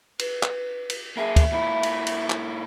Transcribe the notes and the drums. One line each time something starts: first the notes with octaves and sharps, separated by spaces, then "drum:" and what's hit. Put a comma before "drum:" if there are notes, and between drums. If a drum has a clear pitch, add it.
B4, drum: cymbal
drum: clap
drum: cymbal
A#3 G#4 E5
drum: kick, cymbal
A#2 E4
drum: cymbal
drum: cymbal
drum: clap